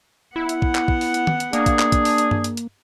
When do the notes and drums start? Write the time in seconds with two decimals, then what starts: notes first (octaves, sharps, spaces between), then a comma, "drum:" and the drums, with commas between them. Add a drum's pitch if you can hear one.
0.36 B3 E4 F#5
0.49 drum: hi-hat
0.62 drum: kick
0.75 drum: clap
0.88 drum: kick
1.01 drum: open hi-hat
1.14 drum: hi-hat
1.27 drum: tom D#3
1.40 drum: hi-hat
1.53 A#3 D4 G#4, drum: hi-hat
1.66 drum: kick, hi-hat
1.79 drum: clap
1.92 drum: kick, hi-hat
2.05 drum: open hi-hat
2.18 drum: hi-hat
2.31 drum: tom G2
2.44 drum: hi-hat
2.57 drum: hi-hat